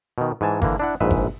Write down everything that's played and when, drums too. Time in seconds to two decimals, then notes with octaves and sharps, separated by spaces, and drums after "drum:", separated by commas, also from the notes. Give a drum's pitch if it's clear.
0.18 B2 D#3
0.41 G#2 E3 G#5 A5
0.62 D3 E3 A#3, drum: kick G1
0.79 D4 E4 F#5
1.00 A#1 G#2 B4 E5
1.11 drum: kick G1